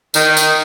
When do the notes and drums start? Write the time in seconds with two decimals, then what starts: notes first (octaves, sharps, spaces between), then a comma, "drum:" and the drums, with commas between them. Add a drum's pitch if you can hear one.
0.14 D#3, drum: tambourine
0.37 drum: tambourine